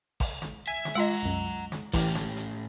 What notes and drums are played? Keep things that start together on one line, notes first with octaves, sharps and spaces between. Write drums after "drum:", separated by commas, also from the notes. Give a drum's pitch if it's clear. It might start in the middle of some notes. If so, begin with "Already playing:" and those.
drum: kick A1, open hi-hat
drum: snare
E5 G#5
drum: snare
G#3 F4 D#5 F#5 A#5
C2 F#2
drum: snare
A2 E3 C#4 G4, drum: kick A1, open hi-hat
drum: snare
drum: hi-hat